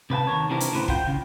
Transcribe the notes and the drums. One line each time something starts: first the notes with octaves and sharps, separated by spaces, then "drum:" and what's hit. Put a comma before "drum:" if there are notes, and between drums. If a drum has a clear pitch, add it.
C3 B4 F#5 A5
D#2 A#4 C#5
C3 E3 C4 D4 A#4
drum: hi-hat
D2 A2 C#3 E3 B4 C5
F4 F#5 G5, drum: kick
C#3